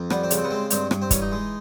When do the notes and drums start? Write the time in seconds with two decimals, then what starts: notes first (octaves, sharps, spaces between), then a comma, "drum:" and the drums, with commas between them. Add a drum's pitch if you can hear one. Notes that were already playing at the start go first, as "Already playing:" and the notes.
Already playing: F2
0.10 G3 B3, drum: rim click
0.24 C4
0.31 C#3, drum: hi-hat
0.37 C4
0.44 B3
0.50 G#3 C4
0.70 G2 C4, drum: hi-hat
0.91 G2, drum: rim click
1.02 C4
1.11 E3 C#4, drum: kick, hi-hat
1.22 D#4
1.32 G#3